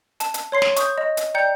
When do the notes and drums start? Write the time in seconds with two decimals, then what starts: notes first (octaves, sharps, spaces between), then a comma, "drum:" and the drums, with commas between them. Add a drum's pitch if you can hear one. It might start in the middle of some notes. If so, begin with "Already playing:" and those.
0.20 A5, drum: hi-hat
0.34 drum: hi-hat
0.52 C#5 C6 C7
0.62 drum: snare
0.76 C#6 D#6 G6, drum: hi-hat
0.98 D#5
1.17 drum: hi-hat
1.34 D5 G5 A#5 G6 C#7